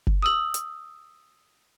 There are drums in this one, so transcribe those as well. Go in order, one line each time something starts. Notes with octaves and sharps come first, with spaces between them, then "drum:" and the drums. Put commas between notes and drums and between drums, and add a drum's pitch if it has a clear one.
drum: kick F#1
D#6 E6 F#7
drum: hi-hat